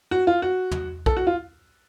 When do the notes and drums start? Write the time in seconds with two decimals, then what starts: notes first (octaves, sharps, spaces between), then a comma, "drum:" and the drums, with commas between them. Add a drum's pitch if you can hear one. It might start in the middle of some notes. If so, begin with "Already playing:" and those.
0.11 F#4
0.27 F4
0.42 F#4
0.71 drum: tom
1.06 A4, drum: kick B1
1.17 F#4
1.27 F4